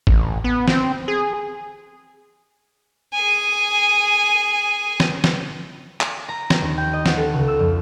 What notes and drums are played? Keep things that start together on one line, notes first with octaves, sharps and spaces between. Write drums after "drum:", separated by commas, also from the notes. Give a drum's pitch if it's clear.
A1, drum: kick G#1
B3
C4, drum: snare
G#4
G#4 G#5
drum: snare
drum: snare
drum: clap
A#5
drum: snare
D#2
G5
D#5
F#5, drum: snare
A4
C#2
E6
F2